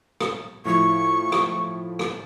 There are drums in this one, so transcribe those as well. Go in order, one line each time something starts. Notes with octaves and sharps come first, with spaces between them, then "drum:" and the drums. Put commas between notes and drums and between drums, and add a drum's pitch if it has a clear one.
drum: rim click
A2 F3 E4 C#6
drum: rim click
drum: rim click